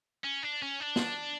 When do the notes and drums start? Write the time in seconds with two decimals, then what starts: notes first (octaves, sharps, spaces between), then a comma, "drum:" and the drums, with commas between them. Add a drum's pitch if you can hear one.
0.24 C#4
0.43 D4
0.62 C#4
0.80 D4
0.96 drum: snare